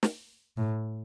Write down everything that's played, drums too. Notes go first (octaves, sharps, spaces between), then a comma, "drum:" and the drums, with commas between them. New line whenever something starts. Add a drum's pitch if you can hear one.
drum: snare
A2